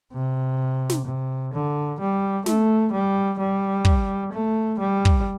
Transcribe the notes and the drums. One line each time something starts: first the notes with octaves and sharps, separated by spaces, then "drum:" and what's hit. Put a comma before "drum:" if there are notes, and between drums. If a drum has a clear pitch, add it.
C3
drum: snare
C3
D3
G3
A3, drum: snare
G3
G3
drum: kick
A3
G3
drum: kick